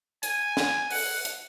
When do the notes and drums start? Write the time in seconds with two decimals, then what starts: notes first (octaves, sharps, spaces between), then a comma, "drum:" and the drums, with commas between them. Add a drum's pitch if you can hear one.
0.23 G#5, drum: hi-hat
0.57 drum: snare
0.91 F#5, drum: open hi-hat
1.25 drum: hi-hat